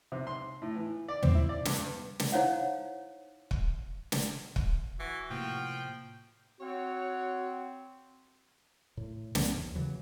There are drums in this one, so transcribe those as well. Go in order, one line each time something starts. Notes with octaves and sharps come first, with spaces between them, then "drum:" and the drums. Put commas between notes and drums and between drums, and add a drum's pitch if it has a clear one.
C3
C6
A2
E3
D5
C4, drum: tom
E4
D5
G2, drum: snare
B3
drum: snare
D#4 E4 C5 C#5 F5 F#5
drum: kick
drum: snare
drum: kick
E3 F#4
A2 C3 F3 A#3 G5
C4 F#4 C#5 F#5
A2
C2 E3 B3 C#4, drum: snare
D#2
C#3 E3 F#3